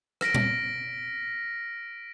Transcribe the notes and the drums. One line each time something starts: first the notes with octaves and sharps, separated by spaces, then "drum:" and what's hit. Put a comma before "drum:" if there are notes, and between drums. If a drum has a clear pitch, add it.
F6 A#6 B6 D7, drum: rim click
drum: tom A#2